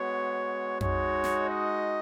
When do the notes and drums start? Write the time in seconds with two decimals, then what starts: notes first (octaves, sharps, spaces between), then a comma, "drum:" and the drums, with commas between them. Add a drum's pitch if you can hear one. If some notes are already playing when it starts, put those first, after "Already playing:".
Already playing: G#3 B3 F#4 C#5
0.81 G#3 D#4 F#4 C#5, drum: tom F2
1.24 drum: snare
1.49 D#5